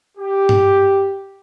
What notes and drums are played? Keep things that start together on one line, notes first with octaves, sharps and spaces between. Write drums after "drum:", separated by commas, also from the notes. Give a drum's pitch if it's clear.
G4
drum: tom G2